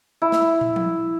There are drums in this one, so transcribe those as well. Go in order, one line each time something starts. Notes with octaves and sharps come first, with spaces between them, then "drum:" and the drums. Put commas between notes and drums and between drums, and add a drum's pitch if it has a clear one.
E4
drum: snare
drum: tom
drum: tom F3